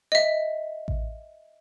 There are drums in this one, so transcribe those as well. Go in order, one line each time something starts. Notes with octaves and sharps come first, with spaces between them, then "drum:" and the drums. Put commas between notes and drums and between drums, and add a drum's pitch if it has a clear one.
D#5 E5
drum: kick A1